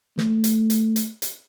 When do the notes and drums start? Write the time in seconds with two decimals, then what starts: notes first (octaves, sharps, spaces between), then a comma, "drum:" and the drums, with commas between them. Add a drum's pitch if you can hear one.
0.18 A3, drum: snare
0.44 drum: hi-hat
0.70 drum: hi-hat
0.96 drum: hi-hat
1.22 drum: hi-hat